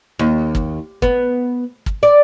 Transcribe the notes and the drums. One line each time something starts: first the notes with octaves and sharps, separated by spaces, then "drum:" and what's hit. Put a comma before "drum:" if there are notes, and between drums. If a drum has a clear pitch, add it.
D#2
drum: kick
B3, drum: kick
drum: kick
D5